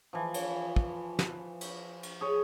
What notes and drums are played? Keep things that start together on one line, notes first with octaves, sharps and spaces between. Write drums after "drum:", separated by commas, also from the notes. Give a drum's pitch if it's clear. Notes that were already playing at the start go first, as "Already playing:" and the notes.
E3 F3
drum: cymbal
drum: kick
drum: snare
drum: cymbal
drum: cymbal
G#4 C#5